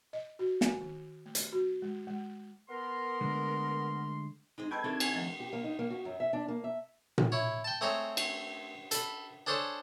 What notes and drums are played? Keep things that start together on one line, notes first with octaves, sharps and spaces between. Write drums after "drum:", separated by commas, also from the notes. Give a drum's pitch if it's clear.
D#5
F#4
G#5, drum: snare
D#3
A3
drum: hi-hat
F#4
G#3
G#3
B3 A#4 C6
D3 G#3 A3
G#3 C4 D#4 G#4
A4 B4 D#5 G5 B5 C#6 G#6
C3 D#3 A3 D4 A4
C#4 G#5, drum: cymbal
F3 A3 C4
G4
A#3
D#4
A#3
F#4
F#2
E5
D4
A#3
E5
drum: tom A#2
E4 C#5
G5 A5
A3 C4 G#4 C#5 A#5
drum: cymbal
A4 B5, drum: hi-hat
D4 G#4 A4 C5 C#5